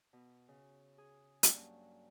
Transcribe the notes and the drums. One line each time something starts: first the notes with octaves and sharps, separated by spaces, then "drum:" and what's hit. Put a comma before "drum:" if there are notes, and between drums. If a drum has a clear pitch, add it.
B2
C#3
G#4
G2 F#3 A#3 C#4, drum: hi-hat